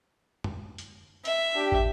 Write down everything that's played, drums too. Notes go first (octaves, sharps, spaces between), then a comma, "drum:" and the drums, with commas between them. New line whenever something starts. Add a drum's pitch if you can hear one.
drum: tom
drum: hi-hat
E5, drum: hi-hat
D4 G4
drum: kick